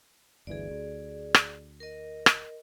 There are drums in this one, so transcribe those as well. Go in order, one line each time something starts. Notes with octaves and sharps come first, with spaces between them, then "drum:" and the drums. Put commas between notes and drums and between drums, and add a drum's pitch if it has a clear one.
G1 D2 E3 G#4 D5
D2
drum: rim click
A#4 D#5
drum: rim click